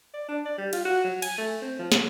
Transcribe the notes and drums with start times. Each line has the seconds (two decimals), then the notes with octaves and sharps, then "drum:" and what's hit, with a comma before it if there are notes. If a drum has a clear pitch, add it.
0.14 D5
0.28 D4
0.46 D5
0.58 G3
0.73 F4, drum: cymbal
0.85 F#4
1.04 F#3
1.22 G#5, drum: cymbal
1.38 A3
1.62 C4
1.79 F3
1.92 C#5, drum: snare